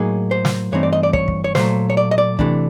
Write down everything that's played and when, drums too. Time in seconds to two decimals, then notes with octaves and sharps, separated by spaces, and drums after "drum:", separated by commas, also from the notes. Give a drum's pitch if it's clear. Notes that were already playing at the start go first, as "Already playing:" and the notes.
Already playing: A2 F#3 A#3 D#4 G#4
0.31 C5
0.45 drum: snare
0.72 G2 E3 A3 C4 D#4 C#5
0.83 D5
0.93 D#5
1.03 D5
1.13 C#5, drum: kick
1.28 drum: kick
1.44 C#5
1.55 A#2 F#3 A3 C5, drum: snare
1.90 C#5
1.97 D5
2.11 D#5
2.18 D5
2.39 C3 E3 A3 D4, drum: kick